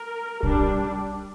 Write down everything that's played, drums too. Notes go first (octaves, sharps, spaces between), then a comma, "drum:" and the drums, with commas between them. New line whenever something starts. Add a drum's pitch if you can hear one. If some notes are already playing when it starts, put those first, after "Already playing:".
Already playing: A#4
G3 D4, drum: kick A#1